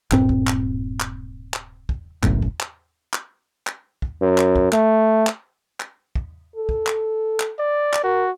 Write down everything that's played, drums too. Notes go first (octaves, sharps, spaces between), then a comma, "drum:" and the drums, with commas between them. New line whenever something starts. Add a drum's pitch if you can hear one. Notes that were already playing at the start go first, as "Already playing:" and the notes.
D1 G2 A#2 C4, drum: clap
drum: kick
drum: clap
drum: clap
drum: clap
drum: kick
F#1 B1 F#2 A2, drum: clap
drum: kick
drum: clap
drum: clap
drum: clap
drum: kick
F#2
drum: clap
drum: kick
A3, drum: clap
drum: clap
drum: clap
drum: kick
A4
drum: kick
drum: clap
drum: clap
D5
drum: clap
F#4 A#4